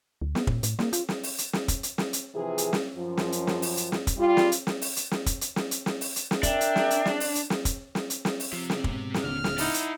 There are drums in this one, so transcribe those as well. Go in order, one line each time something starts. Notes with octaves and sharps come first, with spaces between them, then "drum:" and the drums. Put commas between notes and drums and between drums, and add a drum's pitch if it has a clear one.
D2
B3, drum: snare
A#2, drum: kick
A2, drum: hi-hat
A#3, drum: snare
F4, drum: hi-hat
drum: snare
drum: open hi-hat
drum: hi-hat
drum: snare
drum: kick, hi-hat
drum: hi-hat
drum: snare
drum: hi-hat
C3 E3 F3 G#4
drum: hi-hat
drum: snare
F#2 F3
drum: snare
drum: hi-hat
drum: snare
drum: open hi-hat
drum: hi-hat
drum: snare
drum: kick, hi-hat
G3 F4
drum: snare
drum: hi-hat
drum: snare
drum: open hi-hat
drum: hi-hat
drum: snare
drum: kick, hi-hat
drum: hi-hat
drum: snare
drum: hi-hat
drum: snare
drum: open hi-hat
drum: hi-hat
drum: snare
D4 A#4 E5 G5, drum: kick, hi-hat
drum: hi-hat
drum: snare
drum: hi-hat
drum: snare
drum: open hi-hat
drum: hi-hat
drum: snare
drum: kick, hi-hat
drum: snare
drum: hi-hat
drum: snare
drum: open hi-hat
F3 C4 G4
drum: snare
G#2 B2, drum: kick
drum: snare
D#1 A#2 D3 F6
drum: snare
D#4 E4 D5 F#5, drum: open hi-hat
drum: hi-hat